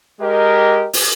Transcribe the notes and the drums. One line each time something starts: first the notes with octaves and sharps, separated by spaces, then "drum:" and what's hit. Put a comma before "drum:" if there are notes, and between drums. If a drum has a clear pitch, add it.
G#3 G4 A#4 D#5
drum: open hi-hat